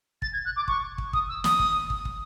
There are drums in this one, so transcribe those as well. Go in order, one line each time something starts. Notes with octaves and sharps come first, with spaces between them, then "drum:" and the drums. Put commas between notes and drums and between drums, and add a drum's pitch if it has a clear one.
A6, drum: kick
G#6
F#6
D6
C#6, drum: kick
drum: kick
D#6, drum: kick
E6
D#6, drum: snare
drum: kick
drum: kick
drum: kick